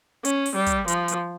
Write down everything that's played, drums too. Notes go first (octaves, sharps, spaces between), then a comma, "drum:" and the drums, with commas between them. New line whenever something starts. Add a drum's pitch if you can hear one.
C#4, drum: hi-hat
drum: open hi-hat
G3
drum: kick, hi-hat
F3, drum: hi-hat
drum: hi-hat